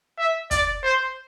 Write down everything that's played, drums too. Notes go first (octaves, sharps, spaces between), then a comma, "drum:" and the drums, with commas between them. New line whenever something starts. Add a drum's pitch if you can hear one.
E5
D5, drum: kick, hi-hat
C5